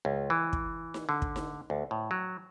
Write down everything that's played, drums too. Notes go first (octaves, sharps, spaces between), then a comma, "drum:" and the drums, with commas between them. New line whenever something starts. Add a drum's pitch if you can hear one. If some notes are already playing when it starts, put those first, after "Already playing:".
C#2
E3
drum: kick
drum: snare D#4
D3
drum: kick
drum: snare D#4
D2
A2
F#3